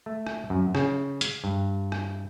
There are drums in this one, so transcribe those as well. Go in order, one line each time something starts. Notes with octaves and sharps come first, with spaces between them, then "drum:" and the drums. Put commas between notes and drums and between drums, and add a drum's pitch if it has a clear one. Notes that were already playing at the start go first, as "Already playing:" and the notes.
A3
drum: rim click
F#2
C#3, drum: rim click
drum: hi-hat
G2
drum: rim click